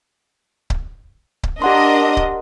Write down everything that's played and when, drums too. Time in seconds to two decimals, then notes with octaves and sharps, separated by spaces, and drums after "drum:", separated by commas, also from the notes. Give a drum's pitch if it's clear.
0.70 drum: kick C#1
1.43 drum: kick C#1
1.62 D4 G4 A#4 D#5 F#5 C6
2.17 drum: kick C#1